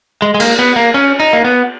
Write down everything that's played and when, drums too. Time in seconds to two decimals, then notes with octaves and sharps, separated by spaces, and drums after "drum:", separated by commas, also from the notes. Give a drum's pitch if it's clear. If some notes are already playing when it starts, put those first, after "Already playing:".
0.22 G#3
0.34 G#3
0.40 A#3, drum: cymbal
0.59 B3
0.76 A#3
0.94 C#4
1.20 D#4
1.33 A#3
1.44 B3